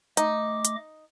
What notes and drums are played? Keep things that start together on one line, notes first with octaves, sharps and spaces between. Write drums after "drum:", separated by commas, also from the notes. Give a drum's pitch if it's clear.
A3 D#4 D#5 D6, drum: hi-hat
drum: hi-hat